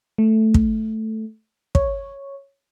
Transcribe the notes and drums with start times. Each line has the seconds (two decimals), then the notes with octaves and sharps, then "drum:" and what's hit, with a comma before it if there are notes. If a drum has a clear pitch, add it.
0.18 A3
0.54 drum: kick
1.75 C#5, drum: kick